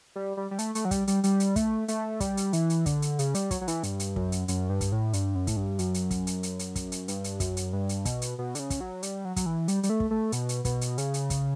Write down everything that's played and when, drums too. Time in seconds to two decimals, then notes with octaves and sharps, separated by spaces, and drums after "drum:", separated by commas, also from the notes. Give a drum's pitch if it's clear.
0.16 G3
0.37 G3
0.51 G3
0.59 A3, drum: hi-hat
0.75 A3, drum: hi-hat
0.85 F#3
0.91 G3, drum: kick, hi-hat
1.07 G3, drum: hi-hat
1.24 G3, drum: hi-hat
1.40 drum: hi-hat
1.56 A3, drum: kick, hi-hat
1.88 A3, drum: hi-hat
2.20 G3, drum: kick, hi-hat
2.37 drum: hi-hat
2.53 E3, drum: hi-hat
2.70 drum: hi-hat
2.86 D3, drum: kick, hi-hat
3.02 drum: hi-hat
3.19 C#3, drum: hi-hat
3.35 G3, drum: hi-hat
3.51 F#3, drum: kick, hi-hat
3.61 F#3
3.68 E3, drum: hi-hat
3.83 G2, drum: hi-hat
4.00 drum: hi-hat
4.16 F#2, drum: kick
4.32 drum: hi-hat
4.48 F#2, drum: hi-hat
4.70 G2
4.81 drum: kick, hi-hat
4.92 A2
5.13 G2, drum: hi-hat
5.35 F#2
5.47 A2, drum: kick, hi-hat
5.57 G2
5.79 F#2, drum: hi-hat
5.94 drum: hi-hat
6.11 drum: kick, hi-hat
6.27 drum: hi-hat
6.43 drum: hi-hat
6.59 drum: hi-hat
6.76 drum: kick, hi-hat
6.92 drum: hi-hat
7.08 G2, drum: hi-hat
7.24 drum: hi-hat
7.40 F#2, drum: kick, hi-hat
7.57 drum: hi-hat
7.73 G2
7.89 drum: hi-hat
8.05 B2, drum: kick, hi-hat
8.22 drum: hi-hat
8.38 B2
8.55 D3, drum: hi-hat
8.59 C#3
8.70 drum: kick, hi-hat
8.81 F#3
9.03 G3, drum: hi-hat
9.25 F#3
9.36 F#3, drum: kick, hi-hat
9.46 E3
9.68 G3, drum: hi-hat
9.83 G3, drum: hi-hat
9.90 A3
10.00 drum: kick
10.11 A3
10.32 B2, drum: hi-hat
10.49 drum: hi-hat
10.65 B2, drum: kick, hi-hat
10.81 drum: hi-hat
10.98 C#3, drum: hi-hat
11.14 drum: hi-hat
11.30 drum: kick, hi-hat